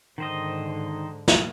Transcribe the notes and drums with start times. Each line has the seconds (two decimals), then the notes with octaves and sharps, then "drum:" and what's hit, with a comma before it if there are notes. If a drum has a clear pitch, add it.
0.18 G#2 D3 D#3 C5 D#5
1.28 drum: snare